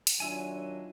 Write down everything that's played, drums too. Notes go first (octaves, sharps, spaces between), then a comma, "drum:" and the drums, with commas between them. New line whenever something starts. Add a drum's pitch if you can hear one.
drum: hi-hat
D#3 F#3 D4 F4 E5 G#5